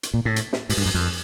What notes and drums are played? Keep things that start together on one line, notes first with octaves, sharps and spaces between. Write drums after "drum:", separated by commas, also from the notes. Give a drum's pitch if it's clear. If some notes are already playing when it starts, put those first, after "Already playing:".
drum: hi-hat
A#2
A2
drum: hi-hat
drum: snare
G#2, drum: open hi-hat
G2
F#2
F2